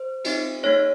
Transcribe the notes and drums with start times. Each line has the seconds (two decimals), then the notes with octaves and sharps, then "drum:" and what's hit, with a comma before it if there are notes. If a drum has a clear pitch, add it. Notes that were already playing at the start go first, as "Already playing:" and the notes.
Already playing: C5
0.25 C4 D#4 G4, drum: cymbal
0.63 A#3 D#4 G#4 C#5